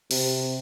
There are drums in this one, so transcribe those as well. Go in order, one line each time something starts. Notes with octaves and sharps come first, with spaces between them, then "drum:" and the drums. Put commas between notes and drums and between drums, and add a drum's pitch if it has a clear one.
C3, drum: open hi-hat